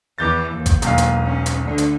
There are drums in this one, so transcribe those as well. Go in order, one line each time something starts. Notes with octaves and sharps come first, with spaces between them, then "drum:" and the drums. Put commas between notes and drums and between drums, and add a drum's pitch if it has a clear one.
E2 E3 D6 G6 A6
D#2
drum: kick G#1, hi-hat
E1 B1 A#3 F5, drum: hi-hat
drum: hi-hat
C#4
drum: hi-hat
D2 D3
drum: hi-hat